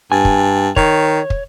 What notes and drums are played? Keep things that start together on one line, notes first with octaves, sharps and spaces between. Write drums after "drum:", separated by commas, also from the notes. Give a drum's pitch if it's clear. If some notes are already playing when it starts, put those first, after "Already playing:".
G2 G#5
drum: kick
D#3 C#5, drum: kick
drum: kick